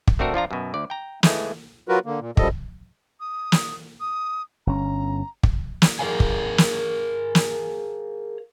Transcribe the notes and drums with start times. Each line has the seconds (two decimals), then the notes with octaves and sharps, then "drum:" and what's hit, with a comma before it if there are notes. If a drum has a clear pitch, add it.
0.07 drum: kick
0.19 A3 C4 D4 F#4 A4 A#4
0.34 F3 D4 F4 A#5
0.51 F#2 B2
0.74 D2 D5
0.90 G5 A#5
1.23 D#2 E3 G#3 A3, drum: snare
1.89 F#3 F4 F#4 A#4 B4
2.06 D3 A#3
2.20 A#2
2.37 F#2 F3 G3 A4 D#5, drum: kick
3.20 D#6
3.52 drum: snare
4.00 D#6
4.67 G1 C#4 A#5
5.43 drum: kick
5.82 drum: snare
5.99 G#4 A#4 B4 D5 F5 G#5
6.20 drum: kick
6.58 drum: snare
7.35 drum: snare